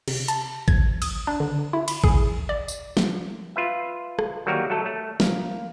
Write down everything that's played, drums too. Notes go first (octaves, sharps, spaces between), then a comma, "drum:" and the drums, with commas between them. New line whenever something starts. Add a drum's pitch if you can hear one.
C3, drum: cymbal
A5, drum: hi-hat
G#6, drum: kick
D#6, drum: cymbal
D4
D3
E4
B5, drum: cymbal
G#4, drum: kick
D5
drum: tambourine
drum: snare
F4 B4 E5
drum: rim click
D#3 F#3 G3 A#3 F#4 A#4
F#3 A3 A4
A3
A#3, drum: snare